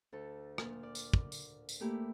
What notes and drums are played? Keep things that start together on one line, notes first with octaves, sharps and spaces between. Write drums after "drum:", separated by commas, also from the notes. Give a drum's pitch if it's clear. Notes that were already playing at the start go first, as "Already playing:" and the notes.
D2 A4
A#2 F6, drum: rim click
D5
drum: tambourine
drum: kick
drum: tambourine
drum: tambourine
A3 A#3 E4 G4